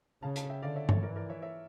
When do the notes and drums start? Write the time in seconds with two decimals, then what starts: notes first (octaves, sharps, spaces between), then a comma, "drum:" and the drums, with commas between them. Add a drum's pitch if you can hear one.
0.22 C#3 F5 A5
0.36 F5 A5, drum: hi-hat
0.49 E5 G5
0.62 D3 D5 F5
0.75 C#5 E5
0.89 A4 C#5, drum: tom G2
1.03 E3 A#4 D5
1.15 A#4 D5
1.29 C#5 E5
1.42 C#5 E5